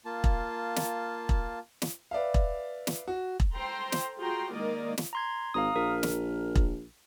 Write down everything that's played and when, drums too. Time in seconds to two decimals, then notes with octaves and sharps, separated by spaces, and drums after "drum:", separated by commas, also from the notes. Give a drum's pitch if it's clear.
0.05 A#3 F4 A5
0.24 drum: kick E1
0.76 drum: snare
1.29 drum: kick E1
1.82 drum: snare
2.11 B4 D5 E5 F5
2.34 drum: kick E1
2.87 drum: snare
3.08 F#4
3.40 drum: kick E1
3.54 A4 C5 G5 A#5 C6
3.92 drum: snare
4.19 F4 F#4 G#4 G5 A#5 C6
4.52 D#3 G#3 A#3 A#4 D5 D#5
4.98 drum: snare
5.13 A#5 C6 G#6
5.54 G#1 F5 A#5 D#6
5.76 A#1 A#4
6.03 drum: snare
6.56 drum: kick E1